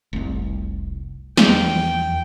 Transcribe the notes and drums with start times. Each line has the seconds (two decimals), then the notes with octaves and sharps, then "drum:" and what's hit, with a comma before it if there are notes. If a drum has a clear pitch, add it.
0.13 F1 C2
1.37 E2 F3 G5, drum: snare